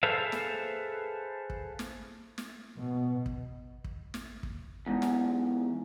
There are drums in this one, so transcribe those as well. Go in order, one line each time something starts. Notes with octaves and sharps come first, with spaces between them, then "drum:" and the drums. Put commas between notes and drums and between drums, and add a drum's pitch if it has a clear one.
G#4 A4 B4 C5 E5 F5
drum: snare
drum: kick
drum: snare
drum: snare
B2
drum: kick
drum: kick
drum: snare
drum: kick
E2 G#2
drum: snare